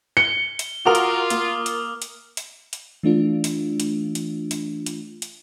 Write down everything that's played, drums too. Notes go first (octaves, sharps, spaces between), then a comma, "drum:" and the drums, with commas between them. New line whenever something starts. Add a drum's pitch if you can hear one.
C#7 G7
drum: hi-hat
F4 F#4 A#4 D6 D#6 F6 F7
drum: hi-hat
A#3, drum: hi-hat
drum: hi-hat
drum: hi-hat
drum: hi-hat
drum: hi-hat
E3 A3 D4 F4
drum: hi-hat
drum: hi-hat
drum: hi-hat
drum: hi-hat
drum: hi-hat
drum: hi-hat